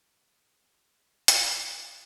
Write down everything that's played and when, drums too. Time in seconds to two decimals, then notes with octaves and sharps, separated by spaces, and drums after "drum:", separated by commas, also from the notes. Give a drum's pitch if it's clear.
0.18 G#3
1.28 G3, drum: hi-hat